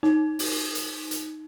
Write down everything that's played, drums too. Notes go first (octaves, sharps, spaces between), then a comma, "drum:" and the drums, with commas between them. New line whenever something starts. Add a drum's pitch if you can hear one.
D#4, drum: snare
drum: open hi-hat
drum: hi-hat
drum: hi-hat